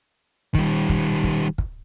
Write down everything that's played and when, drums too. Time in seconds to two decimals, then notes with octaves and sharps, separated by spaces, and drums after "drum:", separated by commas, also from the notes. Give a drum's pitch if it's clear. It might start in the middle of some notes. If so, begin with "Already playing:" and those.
0.55 D#3 G3, drum: kick
0.89 drum: kick
1.24 drum: kick
1.58 drum: kick